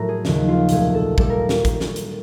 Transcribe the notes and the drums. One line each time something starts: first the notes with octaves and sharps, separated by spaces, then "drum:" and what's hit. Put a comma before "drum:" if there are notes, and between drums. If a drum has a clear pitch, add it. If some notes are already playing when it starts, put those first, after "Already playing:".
Already playing: A2 F#3 A3 A#4
G#4
D#2 C#3 F3, drum: snare
F4
C2 A#2 F#3 A3 G#4, drum: hi-hat
A4
A#2 G3 A4, drum: kick A1
A#4
drum: snare
drum: kick A1, hi-hat
drum: snare
drum: hi-hat